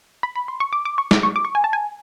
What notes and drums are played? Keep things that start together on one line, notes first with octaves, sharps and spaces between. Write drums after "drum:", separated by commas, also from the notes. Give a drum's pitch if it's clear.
B5
B5
C6
C#6
D6
D6
C#6
D6, drum: snare
C#6
D6
C#6
G#5
A5
G#5